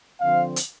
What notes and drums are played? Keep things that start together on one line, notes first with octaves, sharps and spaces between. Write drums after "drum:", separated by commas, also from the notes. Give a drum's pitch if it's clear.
D3 F3 C4 F5
drum: hi-hat